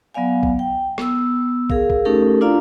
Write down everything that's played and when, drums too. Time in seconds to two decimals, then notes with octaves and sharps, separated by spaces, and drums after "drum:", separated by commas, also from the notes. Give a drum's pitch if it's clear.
0.14 F#3 B3 D5 F5 G#5
0.43 drum: kick
0.59 G5
0.98 B3 E6, drum: rim click
1.70 G#4 A#4 F5, drum: kick
1.90 drum: kick
2.05 A3 C#4 D#4 G4 A4 A#4
2.41 D4 E4 F4 D5 F5 A#5